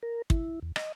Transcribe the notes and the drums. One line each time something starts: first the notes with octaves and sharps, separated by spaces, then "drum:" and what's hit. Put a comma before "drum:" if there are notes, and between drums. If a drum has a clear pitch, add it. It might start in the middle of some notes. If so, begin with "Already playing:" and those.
A#4
E4, drum: kick
E2
D#5, drum: rim click